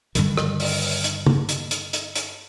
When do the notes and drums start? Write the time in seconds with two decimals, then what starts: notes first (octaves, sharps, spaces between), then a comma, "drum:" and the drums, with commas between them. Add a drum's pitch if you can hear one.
0.15 G2 D3 D#3, drum: hi-hat
0.37 drum: rim click
0.60 drum: open hi-hat
0.82 drum: open hi-hat
1.04 drum: hi-hat
1.26 drum: tom
1.49 drum: hi-hat
1.71 drum: hi-hat
1.93 drum: hi-hat
2.16 drum: hi-hat